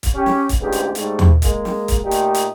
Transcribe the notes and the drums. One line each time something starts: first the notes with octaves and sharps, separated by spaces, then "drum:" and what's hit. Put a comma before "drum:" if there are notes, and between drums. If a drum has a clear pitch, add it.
drum: kick, hi-hat
C#4 G4
drum: snare
drum: kick, hi-hat
A1 D2 G#2 G#3 B3 G4
drum: hi-hat
G#2 G3 A3, drum: hi-hat
drum: tom D#2
G#3 A#3, drum: kick, hi-hat
drum: snare
drum: kick, hi-hat
A#2 A3 D#4 G4
drum: hi-hat
drum: hi-hat